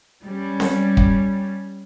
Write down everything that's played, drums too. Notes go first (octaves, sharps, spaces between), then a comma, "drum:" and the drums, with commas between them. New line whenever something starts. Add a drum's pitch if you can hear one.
G3 C#4
drum: snare C4
drum: kick